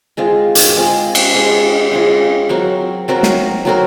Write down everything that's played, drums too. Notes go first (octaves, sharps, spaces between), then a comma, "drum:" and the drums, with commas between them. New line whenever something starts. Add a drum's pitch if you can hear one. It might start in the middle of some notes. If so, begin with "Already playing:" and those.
G#3 C4 F4 G#4
drum: hi-hat
G#3 C4 F4 G#4
drum: cymbal
G#3 C4 F4 G#4
G#3 C4 F4 G#4
F#3 C4 F#4 A#4
F#3 C4 F#4 A#4
drum: snare
F#3 C4 F#4 A#4